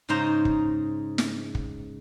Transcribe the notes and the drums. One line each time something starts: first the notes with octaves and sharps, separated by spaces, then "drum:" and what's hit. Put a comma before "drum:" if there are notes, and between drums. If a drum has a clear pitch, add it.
G#2 C#3 D#4 C5 A#5
drum: kick
drum: snare
drum: kick